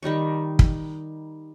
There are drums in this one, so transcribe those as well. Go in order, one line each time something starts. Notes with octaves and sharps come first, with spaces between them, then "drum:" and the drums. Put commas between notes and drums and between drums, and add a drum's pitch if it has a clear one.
D#3 G3 D#4 C#6
drum: kick